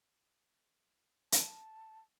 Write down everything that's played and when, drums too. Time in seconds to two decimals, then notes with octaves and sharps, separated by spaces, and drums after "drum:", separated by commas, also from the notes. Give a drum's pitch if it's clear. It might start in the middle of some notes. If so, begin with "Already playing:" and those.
1.32 A5, drum: hi-hat